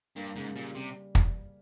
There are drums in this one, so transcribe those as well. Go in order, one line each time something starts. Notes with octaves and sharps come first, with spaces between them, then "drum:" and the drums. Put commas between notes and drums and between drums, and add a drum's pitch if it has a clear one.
G2 A#3
G#2 C#3
A#2 G3
C3 G3
drum: kick